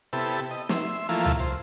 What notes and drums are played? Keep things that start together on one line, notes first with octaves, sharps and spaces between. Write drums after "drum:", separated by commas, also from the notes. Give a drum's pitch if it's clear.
C3 B3 E4 G4 A4
D#5
E5 C6, drum: snare
E3 F3 A3 A#3 E4 F4
drum: tom C#2
C5